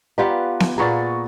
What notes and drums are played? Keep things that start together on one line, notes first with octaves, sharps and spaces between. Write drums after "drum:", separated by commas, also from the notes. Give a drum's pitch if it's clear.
B3 F4 G4 B4 D5 A#5
drum: snare B3
A#2 B3 G#4 A#5 C#6 A6